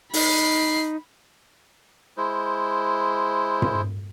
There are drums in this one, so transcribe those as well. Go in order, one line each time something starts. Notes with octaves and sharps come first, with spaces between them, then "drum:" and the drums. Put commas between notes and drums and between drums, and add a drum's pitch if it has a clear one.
D#4 B5 C7, drum: open hi-hat
G#3 E4 C5
drum: tom